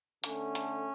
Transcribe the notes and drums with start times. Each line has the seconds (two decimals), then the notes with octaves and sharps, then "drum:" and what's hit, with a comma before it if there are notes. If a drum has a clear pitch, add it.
0.24 D3 A3 C#4, drum: hi-hat
0.55 drum: hi-hat